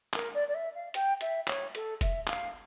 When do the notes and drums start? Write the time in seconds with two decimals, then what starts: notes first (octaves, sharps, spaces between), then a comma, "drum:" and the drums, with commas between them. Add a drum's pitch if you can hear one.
0.14 A#4, drum: clap
0.34 D5
0.48 D5
0.54 E5
0.74 F5
0.94 G5, drum: hi-hat
1.21 E5, drum: hi-hat
1.48 C#5, drum: clap
1.75 A4, drum: hi-hat
2.01 E5, drum: kick F1, hi-hat
2.28 F5, drum: clap